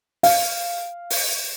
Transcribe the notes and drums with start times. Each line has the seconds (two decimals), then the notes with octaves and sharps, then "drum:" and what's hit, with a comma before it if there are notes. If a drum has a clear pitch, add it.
0.23 F5, drum: open hi-hat
1.10 drum: open hi-hat